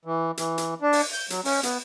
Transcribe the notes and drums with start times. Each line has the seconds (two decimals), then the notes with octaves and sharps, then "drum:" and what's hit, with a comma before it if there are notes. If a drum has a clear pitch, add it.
0.05 E3
0.37 E3, drum: hi-hat
0.58 drum: hi-hat
0.82 D4
0.93 drum: open hi-hat
1.13 G6
1.30 F#3, drum: hi-hat
1.45 C#4, drum: open hi-hat
1.63 B3, drum: hi-hat